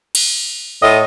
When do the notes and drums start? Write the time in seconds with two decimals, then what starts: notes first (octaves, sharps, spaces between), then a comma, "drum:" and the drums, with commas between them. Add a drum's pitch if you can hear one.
0.15 drum: cymbal
0.83 A2 F4 D#5